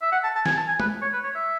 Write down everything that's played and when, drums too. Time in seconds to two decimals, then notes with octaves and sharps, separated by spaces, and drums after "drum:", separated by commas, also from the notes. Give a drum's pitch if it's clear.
0.02 E5
0.12 F#5
0.24 A5
0.35 A5
0.46 G#5, drum: snare
0.57 A5
0.68 G#5
0.80 B4, drum: tom G#3
1.02 C#5
1.13 B4
1.24 C#5
1.35 E5